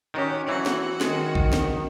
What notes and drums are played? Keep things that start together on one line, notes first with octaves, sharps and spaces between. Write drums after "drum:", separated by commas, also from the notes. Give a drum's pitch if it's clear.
D#3 C#4 F#4 G4
E3 F#3 C4 F#4
drum: snare
D#3 G#3, drum: snare
drum: kick A#1
drum: snare